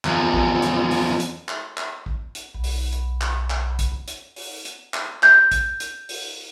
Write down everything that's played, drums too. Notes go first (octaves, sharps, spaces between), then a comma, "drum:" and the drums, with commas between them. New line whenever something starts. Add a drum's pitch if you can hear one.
E2 F3, drum: clap
drum: kick
drum: hi-hat
drum: open hi-hat
drum: hi-hat
drum: clap
drum: clap
drum: kick
drum: hi-hat
B1
drum: open hi-hat
drum: hi-hat
drum: clap
drum: clap
drum: kick, hi-hat
drum: hi-hat
drum: open hi-hat
drum: hi-hat
drum: clap
G6, drum: clap
drum: kick, hi-hat
drum: hi-hat
drum: open hi-hat